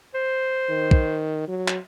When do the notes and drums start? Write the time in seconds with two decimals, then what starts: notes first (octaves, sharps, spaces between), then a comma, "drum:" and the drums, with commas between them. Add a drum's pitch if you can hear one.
0.15 C5
0.70 D#3
0.91 drum: kick
1.48 F#3
1.68 drum: clap